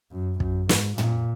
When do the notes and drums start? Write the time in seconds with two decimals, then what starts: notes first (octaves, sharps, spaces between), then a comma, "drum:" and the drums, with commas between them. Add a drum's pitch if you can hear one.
0.12 F#2
0.40 F#2, drum: kick
0.69 G#2, drum: snare
0.98 A#2, drum: tom